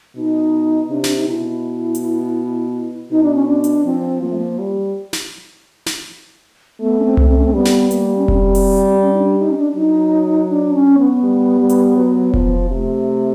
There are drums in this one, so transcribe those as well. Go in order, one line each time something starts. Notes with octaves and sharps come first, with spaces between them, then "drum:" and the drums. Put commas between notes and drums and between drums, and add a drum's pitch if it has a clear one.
B2 D#4
C3 D4
drum: snare
D#4
B2 E4
drum: hi-hat
B2 D#4
D4
C#4
D4
drum: hi-hat
F3 C4
F3 A#3
A3
A#3
G3
drum: snare
drum: snare
A3 B3
C#4
C4
A3, drum: tom C2
C4
C#4
C4
G3 B3
drum: snare
A#3, drum: hi-hat
C#4
C4, drum: kick F1
drum: open hi-hat
C#4
D#4
D4
D#4
C#4
D4
F#3 D#4
D4
C#4
B3
G3
G3
drum: hi-hat
F#3
F3, drum: kick F1
C3 A3